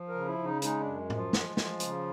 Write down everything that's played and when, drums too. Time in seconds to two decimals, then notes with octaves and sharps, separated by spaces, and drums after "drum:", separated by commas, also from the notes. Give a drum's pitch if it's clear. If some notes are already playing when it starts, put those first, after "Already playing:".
Already playing: F3
0.08 A#4
0.14 C#3
0.27 E4
0.38 C#3
0.44 D#4
0.62 G#3 D#4, drum: hi-hat
0.80 F#2 D4
1.10 F3, drum: tom
1.16 F4
1.33 G#3, drum: snare
1.57 F3, drum: snare
1.80 C#3, drum: hi-hat